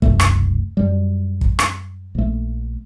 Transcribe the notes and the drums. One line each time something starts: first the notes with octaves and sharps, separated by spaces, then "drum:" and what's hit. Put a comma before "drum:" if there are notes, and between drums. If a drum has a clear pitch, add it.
E1 C2 F#2 A3, drum: kick
drum: rim click
F#2 G3
drum: kick
drum: rim click
A#1 A3